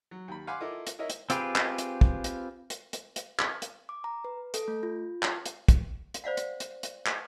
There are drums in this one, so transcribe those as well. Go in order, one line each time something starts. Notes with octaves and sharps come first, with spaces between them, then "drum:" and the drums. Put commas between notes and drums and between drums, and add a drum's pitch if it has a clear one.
F#3
D#2 B5
F5 F#5 G#5 B5 C6 D6
E4 F4 A4 A#4 D#5 D6
drum: hi-hat
D#4 E4 A#4 C#5 D#5 E5
drum: hi-hat
C4 F4 G4 G#4 B4, drum: hi-hat
drum: clap
drum: hi-hat
drum: kick
drum: hi-hat
drum: hi-hat
drum: hi-hat
drum: hi-hat
drum: clap
drum: hi-hat
D6
A#5
B4
A4, drum: hi-hat
A3
F4
drum: clap
drum: hi-hat
drum: kick, hi-hat
drum: hi-hat
C5 D5 F5 F#5
drum: hi-hat
drum: hi-hat
drum: hi-hat
drum: clap